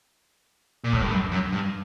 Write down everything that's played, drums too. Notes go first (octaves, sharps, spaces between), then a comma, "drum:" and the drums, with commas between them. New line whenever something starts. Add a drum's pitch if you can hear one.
A#2
A2, drum: kick D2
G2
F#2
F#2
G2